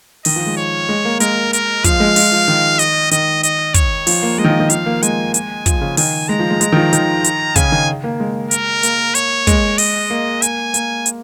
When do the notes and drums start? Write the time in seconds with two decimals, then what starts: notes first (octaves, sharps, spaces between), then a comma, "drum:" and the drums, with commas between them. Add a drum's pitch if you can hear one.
0.25 D#3 D#5, drum: open hi-hat
0.36 F3
0.47 G#3
0.57 C#5
0.89 G#3
1.05 A#3
1.20 G#3 A#4, drum: hi-hat
1.53 A#4, drum: hi-hat
1.84 F3 F5, drum: kick, hi-hat
2.00 G#3
2.16 G#3, drum: open hi-hat
2.32 F3
2.48 D#3
2.79 D#5, drum: hi-hat
3.11 D#3 D#5, drum: hi-hat
3.43 D#5, drum: hi-hat
3.74 C#5, drum: kick, hi-hat
4.07 F3, drum: open hi-hat
4.23 A#3
4.38 G#3 D#5
4.44 D#3
4.49 F3
4.60 D#3
4.70 F3 F5, drum: hi-hat
4.86 A#3
5.03 G#3 G#5, drum: hi-hat
5.34 G#5, drum: hi-hat
5.66 F3, drum: kick, hi-hat
5.81 C#3
5.97 D#3 G#5, drum: open hi-hat
6.28 G#3 A#5
6.39 F3
6.50 G#3
6.61 G#3, drum: hi-hat
6.72 D#3
6.77 F3
6.93 D#3, drum: hi-hat
7.24 drum: hi-hat
7.56 C#3 G#5, drum: kick, hi-hat
7.72 D#3
8.04 A#3
8.20 G#3
8.51 A#4, drum: hi-hat
8.83 A#3, drum: hi-hat
9.15 C#5, drum: hi-hat
9.47 G#3, drum: kick, hi-hat
9.78 D#5, drum: open hi-hat
10.10 A#3
10.42 G#5, drum: hi-hat
10.74 A#3, drum: hi-hat
11.06 drum: hi-hat